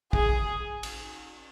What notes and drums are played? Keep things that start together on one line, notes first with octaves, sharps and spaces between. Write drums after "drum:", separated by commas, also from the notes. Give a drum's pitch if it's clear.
G#4, drum: kick
drum: cymbal